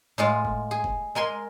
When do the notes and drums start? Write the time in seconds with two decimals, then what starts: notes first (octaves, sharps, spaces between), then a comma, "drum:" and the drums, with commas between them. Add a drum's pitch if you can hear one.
0.18 A2 G#3 F4
0.45 drum: kick
0.71 G#4
0.84 drum: kick
1.15 G#3 A#4 G#5 C6